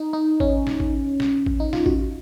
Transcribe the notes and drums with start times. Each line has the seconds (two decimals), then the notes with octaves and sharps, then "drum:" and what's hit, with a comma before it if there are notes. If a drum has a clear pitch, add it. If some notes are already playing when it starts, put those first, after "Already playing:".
Already playing: D#4
0.13 D#4
0.40 C#4, drum: kick A1
0.67 drum: snare
0.80 drum: kick A1
1.20 drum: snare
1.46 drum: kick A1
1.60 D#4
1.73 F4, drum: snare
1.86 F#4, drum: kick A1